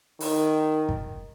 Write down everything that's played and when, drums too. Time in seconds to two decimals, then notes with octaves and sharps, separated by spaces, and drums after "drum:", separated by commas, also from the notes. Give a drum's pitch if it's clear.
0.20 D#3, drum: open hi-hat
0.89 drum: kick